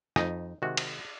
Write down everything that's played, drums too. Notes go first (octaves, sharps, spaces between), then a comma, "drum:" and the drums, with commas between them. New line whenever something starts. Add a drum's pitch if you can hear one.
F2 D#4, drum: rim click
C3 D#3 G#3 F#4
drum: cymbal